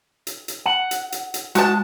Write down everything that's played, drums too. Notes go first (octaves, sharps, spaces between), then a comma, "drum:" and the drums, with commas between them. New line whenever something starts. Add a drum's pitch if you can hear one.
drum: hi-hat
drum: hi-hat
F#5
drum: hi-hat
drum: hi-hat
drum: hi-hat
G#3 F#4 A5, drum: hi-hat